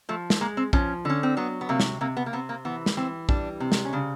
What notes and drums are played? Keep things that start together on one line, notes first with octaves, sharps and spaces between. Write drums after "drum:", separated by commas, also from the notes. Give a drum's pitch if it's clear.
F3 A3
drum: snare
G#3 A#3
C4
F3 C#4, drum: kick A#1
D3 C#4
C4
F#3 B3
B3
C3 A#3
drum: snare
C3 A#3
B3
A#3
C3 B3
A#3
E3 B3
drum: snare
E3 C4
G3 D4, drum: kick A#1
C3
drum: snare
C#4
C#3 D4